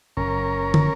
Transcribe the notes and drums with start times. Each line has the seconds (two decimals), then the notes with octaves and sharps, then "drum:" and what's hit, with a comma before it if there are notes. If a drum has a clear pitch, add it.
0.17 F#1 F#2 C#4 A#4
0.74 drum: tom